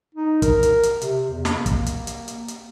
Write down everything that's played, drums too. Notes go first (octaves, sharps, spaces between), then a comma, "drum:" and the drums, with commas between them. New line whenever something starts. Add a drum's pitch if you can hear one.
D#4
A#4, drum: kick, hi-hat
drum: hi-hat
drum: hi-hat
C3, drum: hi-hat
E2
A#3, drum: snare
drum: kick, hi-hat
drum: hi-hat
drum: hi-hat
drum: hi-hat
drum: hi-hat